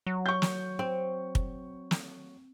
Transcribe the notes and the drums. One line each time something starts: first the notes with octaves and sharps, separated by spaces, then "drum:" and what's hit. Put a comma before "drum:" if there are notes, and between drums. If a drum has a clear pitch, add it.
F#3
C#6 G6
drum: snare
C4
drum: kick
drum: snare